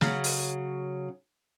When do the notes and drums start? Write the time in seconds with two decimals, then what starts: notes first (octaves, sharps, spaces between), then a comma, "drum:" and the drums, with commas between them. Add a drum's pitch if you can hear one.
0.01 C#3 F#3, drum: snare
0.24 drum: open hi-hat